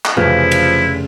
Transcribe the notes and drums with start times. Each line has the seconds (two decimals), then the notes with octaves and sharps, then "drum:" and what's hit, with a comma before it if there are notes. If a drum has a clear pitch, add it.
0.05 drum: clap
0.17 F1 C#3 E3 F3 E4 B4 F6
0.52 drum: cymbal